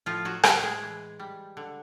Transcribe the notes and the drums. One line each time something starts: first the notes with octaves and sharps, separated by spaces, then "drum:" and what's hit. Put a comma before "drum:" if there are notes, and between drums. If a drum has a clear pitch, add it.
A2 F3 F4
F#3 F#4
A2 G3 G4, drum: rim click
G#3 G#4
E3
G3
D3